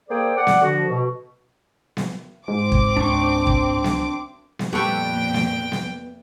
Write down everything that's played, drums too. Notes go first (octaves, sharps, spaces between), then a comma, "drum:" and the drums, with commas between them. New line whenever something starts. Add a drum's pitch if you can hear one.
A#3 G#4 A4 C5 D5 G5
A4 D5 F#5
drum: snare B3
D3 F3 F#4
B2
drum: snare B3
G#2 C4 D6
drum: kick
C#2 D4 C#6
drum: kick
drum: snare B3
drum: snare B3
F2 A#2 B3 G4 A4 B4 G5 C#6
drum: snare B3
drum: snare B3